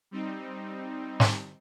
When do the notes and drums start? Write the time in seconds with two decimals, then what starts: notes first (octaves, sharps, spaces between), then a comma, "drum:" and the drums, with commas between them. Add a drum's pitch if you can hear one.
0.11 G3 C4 D#4
1.20 drum: snare